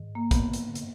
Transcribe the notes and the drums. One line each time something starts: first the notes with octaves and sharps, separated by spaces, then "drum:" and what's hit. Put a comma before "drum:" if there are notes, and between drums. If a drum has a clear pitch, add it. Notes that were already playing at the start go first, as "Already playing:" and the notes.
Already playing: G#2 D#3
A#3
B3, drum: kick, hi-hat
drum: hi-hat
drum: hi-hat